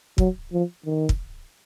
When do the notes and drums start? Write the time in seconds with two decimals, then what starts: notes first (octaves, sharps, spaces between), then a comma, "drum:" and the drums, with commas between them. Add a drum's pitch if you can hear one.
0.18 F#3, drum: kick
0.52 F3
0.86 D#3
1.09 drum: kick